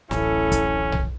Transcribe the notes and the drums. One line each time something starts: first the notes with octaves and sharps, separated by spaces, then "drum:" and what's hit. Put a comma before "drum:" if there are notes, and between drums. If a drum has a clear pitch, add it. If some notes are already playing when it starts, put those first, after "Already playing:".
D1 A1 C#4 E4 A4, drum: snare
drum: kick, hi-hat
drum: tom B1